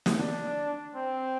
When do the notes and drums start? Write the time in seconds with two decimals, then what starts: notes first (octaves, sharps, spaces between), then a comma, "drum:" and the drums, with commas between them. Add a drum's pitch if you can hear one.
0.06 drum: snare
0.19 D4
0.95 C4